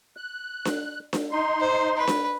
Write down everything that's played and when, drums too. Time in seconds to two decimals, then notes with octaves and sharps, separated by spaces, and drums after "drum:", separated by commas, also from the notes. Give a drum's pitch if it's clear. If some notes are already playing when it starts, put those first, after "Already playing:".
0.17 F#6
0.65 drum: snare D4
1.13 drum: snare D4
1.31 D#4 C6
1.60 C5
1.97 B4
2.07 drum: snare D4